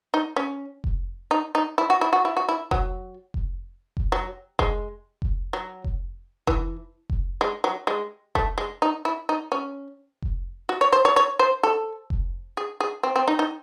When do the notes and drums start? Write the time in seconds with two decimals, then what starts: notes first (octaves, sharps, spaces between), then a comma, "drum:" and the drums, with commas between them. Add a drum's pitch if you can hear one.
0.14 D#4
0.36 C#4
0.84 drum: kick F1
1.31 D#4
1.55 D#4
1.78 E4
1.90 F#4
2.01 E4
2.13 F#4
2.25 E4
2.37 F#4
2.49 E4
2.71 F#3, drum: kick F1
3.34 drum: kick F1
3.97 drum: kick F1
4.12 F#3
4.59 G#3, drum: kick F1
5.22 drum: kick F1
5.53 F#3
5.84 drum: kick F1
6.47 E3, drum: kick F1
7.10 drum: kick F1
7.41 G#3
7.64 F#3
7.87 G#3
8.35 A3, drum: kick F1
8.58 G#3
8.82 D#4
9.05 E4
9.29 D#4
9.52 C#4
10.22 drum: kick F1
10.69 F#4
10.81 C#5
10.92 C5
11.05 C#5
11.16 C#5
11.39 C5
11.63 A4
12.10 drum: kick F1
12.57 G#4
12.80 G#4
13.03 C4
13.16 C4
13.28 D#4
13.39 D#4